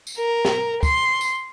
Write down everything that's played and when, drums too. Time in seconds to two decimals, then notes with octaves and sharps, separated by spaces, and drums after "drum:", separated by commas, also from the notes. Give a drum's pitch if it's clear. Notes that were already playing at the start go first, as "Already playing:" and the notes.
0.07 drum: tambourine
0.17 A#4
0.45 drum: snare
0.83 C6, drum: kick, tambourine
1.21 drum: tambourine